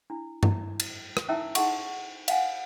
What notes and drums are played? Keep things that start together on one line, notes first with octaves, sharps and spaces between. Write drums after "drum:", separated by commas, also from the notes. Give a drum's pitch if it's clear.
D4 E4
E4, drum: tom G2
drum: cymbal
drum: rim click
C#4 D#4 E4 E5 G5 E6
C#4 D#4 F#4 G#4 F#5 C#6, drum: cymbal
F5 F#5 G#5, drum: cymbal